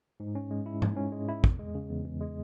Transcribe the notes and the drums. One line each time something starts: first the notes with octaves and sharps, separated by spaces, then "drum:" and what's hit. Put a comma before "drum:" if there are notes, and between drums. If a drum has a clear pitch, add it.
G#2
C#4
G#3
E4
G#2, drum: tom G#2
C#4
G#3
E4
E2, drum: kick
G#3
C#3
E2
E2
G#3